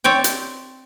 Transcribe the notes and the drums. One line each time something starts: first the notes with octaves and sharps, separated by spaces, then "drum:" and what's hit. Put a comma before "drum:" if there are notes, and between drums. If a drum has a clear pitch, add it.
C4 C#5 D5 G5
drum: hi-hat